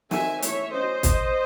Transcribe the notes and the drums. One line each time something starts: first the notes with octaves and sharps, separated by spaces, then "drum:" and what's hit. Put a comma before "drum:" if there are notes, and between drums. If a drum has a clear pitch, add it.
D#3 F#3 C4 E5 G#5, drum: snare
E3 A3 C#4 C#5 E5, drum: hi-hat
F#3 C#4 C5 D#5
drum: kick, hi-hat